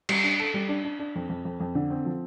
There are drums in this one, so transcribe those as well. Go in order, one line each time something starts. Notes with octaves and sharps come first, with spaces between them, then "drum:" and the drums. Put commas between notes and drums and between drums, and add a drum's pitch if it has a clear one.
G3, drum: cymbal
D4
A4
G3
D4
D4
D4
F2
F2
F2
F2
D3
C4
F3